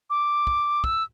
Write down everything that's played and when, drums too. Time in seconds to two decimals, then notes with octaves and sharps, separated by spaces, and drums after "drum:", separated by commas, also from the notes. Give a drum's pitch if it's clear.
0.10 D6
0.47 drum: kick
0.84 E6, drum: kick